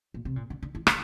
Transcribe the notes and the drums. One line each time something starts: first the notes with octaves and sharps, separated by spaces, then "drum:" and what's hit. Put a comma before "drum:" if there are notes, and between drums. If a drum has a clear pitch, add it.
A#2
C3
A#2
D3
D3
E3
D3, drum: rim click